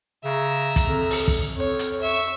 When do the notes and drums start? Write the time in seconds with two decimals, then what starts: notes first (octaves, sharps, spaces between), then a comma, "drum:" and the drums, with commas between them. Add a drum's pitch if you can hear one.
0.24 C#3 E5 A#5
0.76 drum: kick, hi-hat
0.86 F2
1.10 drum: open hi-hat
1.28 drum: kick
1.57 F2 C#5
1.79 drum: hi-hat
2.02 E5 C#6